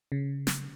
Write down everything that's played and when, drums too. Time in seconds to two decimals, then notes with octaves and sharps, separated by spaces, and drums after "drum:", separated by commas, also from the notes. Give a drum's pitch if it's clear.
0.12 C#3
0.47 drum: snare